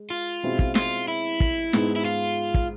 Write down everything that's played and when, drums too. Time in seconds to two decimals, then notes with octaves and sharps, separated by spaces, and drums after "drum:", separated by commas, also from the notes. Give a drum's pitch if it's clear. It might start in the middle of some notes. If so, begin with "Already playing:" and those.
Already playing: G#3
0.10 F4
0.43 B2 G#3 C4 E4
0.59 drum: kick
0.75 F4, drum: snare
1.08 E4
1.40 drum: kick
1.73 G#2 G#3 B3, drum: snare
1.96 E4
2.05 F4
2.54 drum: kick